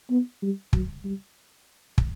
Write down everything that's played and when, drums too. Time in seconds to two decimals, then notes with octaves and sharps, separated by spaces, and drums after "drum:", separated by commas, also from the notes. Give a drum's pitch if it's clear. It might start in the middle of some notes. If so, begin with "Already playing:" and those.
0.10 B3
0.42 G3
0.73 F#3, drum: kick
1.04 G3
1.98 drum: kick